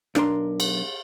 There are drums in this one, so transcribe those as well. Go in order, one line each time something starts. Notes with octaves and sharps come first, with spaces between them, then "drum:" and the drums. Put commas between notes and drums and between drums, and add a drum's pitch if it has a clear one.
B1 D4 A#4 C6, drum: rim click
drum: cymbal